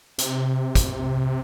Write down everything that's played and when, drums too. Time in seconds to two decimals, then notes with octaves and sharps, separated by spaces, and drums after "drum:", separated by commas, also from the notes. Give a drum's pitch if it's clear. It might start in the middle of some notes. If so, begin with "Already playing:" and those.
0.18 C3, drum: hi-hat
0.75 drum: kick, hi-hat